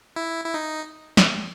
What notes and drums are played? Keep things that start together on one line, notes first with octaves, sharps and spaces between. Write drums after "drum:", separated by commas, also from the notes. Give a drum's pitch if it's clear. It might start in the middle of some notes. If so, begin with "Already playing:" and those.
E4
E4
D#4
drum: snare